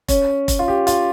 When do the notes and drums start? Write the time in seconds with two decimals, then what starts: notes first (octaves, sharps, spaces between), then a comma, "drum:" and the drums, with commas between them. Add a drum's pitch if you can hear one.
0.08 C#4, drum: kick F1, hi-hat
0.48 drum: kick F1, hi-hat
0.59 F4
0.68 G4
0.87 F4, drum: hi-hat